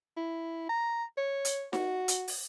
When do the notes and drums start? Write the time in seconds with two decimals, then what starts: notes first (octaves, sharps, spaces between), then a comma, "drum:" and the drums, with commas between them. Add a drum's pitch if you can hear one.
0.17 E4
0.69 A#5
1.18 C#5
1.45 drum: hi-hat
1.73 F#4, drum: snare D#4
2.08 drum: hi-hat
2.28 drum: open hi-hat